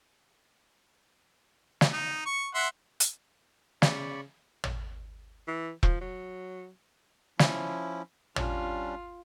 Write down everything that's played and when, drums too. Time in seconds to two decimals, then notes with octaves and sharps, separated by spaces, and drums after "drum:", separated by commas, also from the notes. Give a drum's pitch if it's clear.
1.81 drum: snare
1.93 D#4
2.26 C#6
2.55 E5 F#5 C6
3.00 drum: hi-hat
3.82 C#3 D5 B5 C#6, drum: snare
4.64 drum: tom
5.48 E3
5.83 F3, drum: kick E1
6.01 F#3
7.39 F3 C#4 E4, drum: snare
8.36 G3 C#4 D4 F4, drum: tom